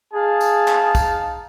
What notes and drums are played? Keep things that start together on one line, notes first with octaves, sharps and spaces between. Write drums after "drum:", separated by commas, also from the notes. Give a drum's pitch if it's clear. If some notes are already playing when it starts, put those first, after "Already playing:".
D#4 G#4 F5 A5
drum: tambourine
drum: clap
drum: kick, tambourine